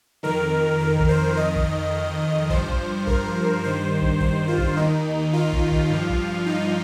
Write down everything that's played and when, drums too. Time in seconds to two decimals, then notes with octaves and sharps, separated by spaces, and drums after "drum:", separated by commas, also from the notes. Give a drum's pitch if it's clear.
0.23 F2 D#3 A#4
0.80 A#4
0.99 drum: kick
1.09 C5
1.37 F2 D#3 D#5
1.55 drum: kick
2.49 G2 F3 C5, drum: kick
2.69 drum: kick
3.07 A#4, drum: kick
3.63 G2 D#3 C5
4.01 drum: kick
4.20 C5, drum: kick
4.48 F4
4.58 drum: kick
4.77 D#2 D#3 D#4
5.33 F4
5.52 drum: kick
5.71 drum: kick
5.90 G2 F3
6.09 drum: kick
6.46 D#4